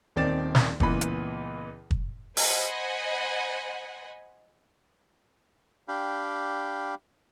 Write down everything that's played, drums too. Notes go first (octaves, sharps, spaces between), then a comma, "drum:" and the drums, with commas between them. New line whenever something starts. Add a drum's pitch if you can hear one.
D#1 D#3 C4 D5 A6 E7
drum: snare
C#2 A#2 E3 B3 B5, drum: kick
drum: hi-hat
drum: kick
C5 D#5 F#5 G#5 B5, drum: open hi-hat
D4 G4 F5 G5 B5